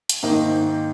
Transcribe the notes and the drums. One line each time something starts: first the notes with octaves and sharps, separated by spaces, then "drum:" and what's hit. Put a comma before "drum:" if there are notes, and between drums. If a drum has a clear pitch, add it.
drum: hi-hat
G#2 D#3 A#3 D#4